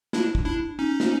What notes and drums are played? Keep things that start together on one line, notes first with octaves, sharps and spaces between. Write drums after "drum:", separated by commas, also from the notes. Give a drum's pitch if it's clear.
D4 E4, drum: snare
drum: kick
D4 E4
C#4 D#4
drum: snare